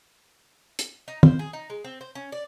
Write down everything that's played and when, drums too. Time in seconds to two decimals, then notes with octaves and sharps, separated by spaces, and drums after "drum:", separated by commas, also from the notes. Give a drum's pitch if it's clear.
0.79 drum: hi-hat
1.08 D#4
1.23 C5, drum: tom
1.39 G#4
1.53 D#4
1.70 G#3
1.85 C4
2.01 C5
2.15 C#4
2.32 D5